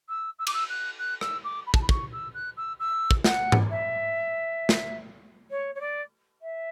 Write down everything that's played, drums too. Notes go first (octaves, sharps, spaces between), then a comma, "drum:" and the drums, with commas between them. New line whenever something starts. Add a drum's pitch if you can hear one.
E6
E6
D6, drum: cymbal
E6
F#6
F#6
E6, drum: rim click
D6
B5
A5, drum: kick
B5
C#6, drum: kick
E6
F#6
E6
E6
drum: kick
F#5, drum: snare
drum: tom G#2
E5
drum: snare
C#5
C#5
D5
E5